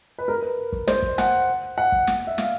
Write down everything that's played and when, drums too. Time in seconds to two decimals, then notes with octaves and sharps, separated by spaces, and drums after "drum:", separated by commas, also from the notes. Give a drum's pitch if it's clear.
0.18 B4
0.28 A#4
0.42 B4
0.73 drum: kick
0.87 C5, drum: snare
1.03 drum: kick
1.18 F#5, drum: snare
1.78 F#5
1.92 drum: kick
2.07 drum: snare
2.27 E5
2.38 F5, drum: snare